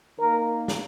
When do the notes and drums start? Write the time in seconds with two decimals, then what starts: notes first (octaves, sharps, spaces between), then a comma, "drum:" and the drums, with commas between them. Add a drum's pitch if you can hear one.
0.18 D#3 A#3 A#4
0.68 drum: snare